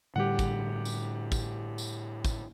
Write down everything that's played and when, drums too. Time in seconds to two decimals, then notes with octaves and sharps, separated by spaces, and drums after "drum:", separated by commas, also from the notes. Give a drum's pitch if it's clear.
0.16 A2 D3 G3 G4 F#5
0.39 drum: kick, tambourine
0.85 drum: tambourine
1.32 drum: kick, tambourine
1.78 drum: tambourine
2.25 drum: kick, tambourine